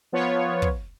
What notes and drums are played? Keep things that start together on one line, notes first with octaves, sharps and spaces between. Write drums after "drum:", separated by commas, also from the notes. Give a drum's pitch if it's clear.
F3 B3 F4 C#5
drum: kick